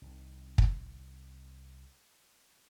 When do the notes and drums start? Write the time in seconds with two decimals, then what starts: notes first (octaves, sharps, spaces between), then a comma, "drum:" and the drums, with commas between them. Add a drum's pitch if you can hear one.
0.02 C2 C3 D#3
0.58 drum: kick